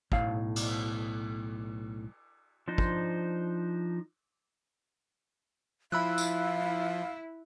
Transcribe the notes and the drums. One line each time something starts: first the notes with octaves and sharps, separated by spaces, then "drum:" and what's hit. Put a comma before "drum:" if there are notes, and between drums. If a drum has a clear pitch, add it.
B1 A2 F5, drum: kick
drum: cymbal
F3 D4 D#4 C5
drum: kick
F3 E4 F5 B5 E6 F#6
drum: tambourine